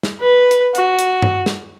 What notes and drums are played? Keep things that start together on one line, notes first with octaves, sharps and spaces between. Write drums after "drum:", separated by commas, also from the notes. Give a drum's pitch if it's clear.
drum: snare
B4
drum: hi-hat
F#4, drum: hi-hat
drum: hi-hat
drum: tom G2
drum: snare